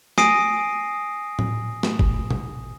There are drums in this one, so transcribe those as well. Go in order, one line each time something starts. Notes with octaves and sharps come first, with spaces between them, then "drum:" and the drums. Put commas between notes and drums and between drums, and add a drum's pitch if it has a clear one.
G#5 D#6 A#6 C7 D7 D#7, drum: snare
drum: tom A2
drum: snare
drum: kick F#1
drum: tom